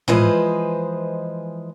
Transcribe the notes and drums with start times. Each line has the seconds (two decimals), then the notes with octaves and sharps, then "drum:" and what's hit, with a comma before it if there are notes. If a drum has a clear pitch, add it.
0.08 E3 F3 G#3 B4 C5 D#5, drum: tom A2